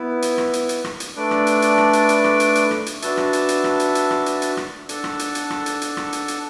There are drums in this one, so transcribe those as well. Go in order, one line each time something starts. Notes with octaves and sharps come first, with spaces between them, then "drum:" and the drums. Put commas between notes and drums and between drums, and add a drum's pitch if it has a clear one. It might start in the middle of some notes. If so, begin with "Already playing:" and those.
Already playing: B3 E4 B4
drum: hi-hat
drum: rim click
drum: hi-hat
drum: hi-hat
drum: rim click
drum: hi-hat
A3 D4 B4 D5
drum: rim click
drum: hi-hat
drum: hi-hat
drum: rim click
drum: hi-hat
drum: hi-hat
drum: rim click
drum: hi-hat
drum: hi-hat
drum: rim click
drum: hi-hat
D4 F#4 B4 E5 A5, drum: hi-hat
drum: rim click
drum: hi-hat
drum: hi-hat
drum: rim click
drum: hi-hat
drum: hi-hat
drum: rim click
drum: hi-hat
drum: hi-hat
drum: rim click
D4 A4 F#5 A5, drum: hi-hat
drum: rim click
drum: hi-hat
drum: hi-hat
drum: rim click
drum: hi-hat
drum: hi-hat
drum: rim click
drum: hi-hat
drum: hi-hat